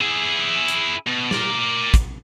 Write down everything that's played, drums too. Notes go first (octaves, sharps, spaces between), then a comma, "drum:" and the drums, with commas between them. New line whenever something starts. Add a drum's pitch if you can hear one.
E4 G#4
drum: hi-hat
B2
A#4 D5, drum: snare
drum: kick, hi-hat